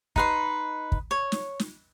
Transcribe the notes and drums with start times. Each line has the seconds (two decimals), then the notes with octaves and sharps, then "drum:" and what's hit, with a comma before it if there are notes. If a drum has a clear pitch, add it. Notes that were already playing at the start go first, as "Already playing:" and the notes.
0.16 D#4 B4 C6, drum: kick
0.92 drum: kick
1.11 C#5
1.32 drum: snare
1.60 drum: snare